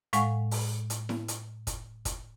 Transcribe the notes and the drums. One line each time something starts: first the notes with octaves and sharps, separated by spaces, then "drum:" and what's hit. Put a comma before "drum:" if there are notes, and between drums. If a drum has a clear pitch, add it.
A2 G#3 F5 F#5 G#5 C#6, drum: hi-hat
drum: open hi-hat
drum: hi-hat
drum: snare E4
drum: hi-hat
drum: kick, hi-hat
drum: kick, hi-hat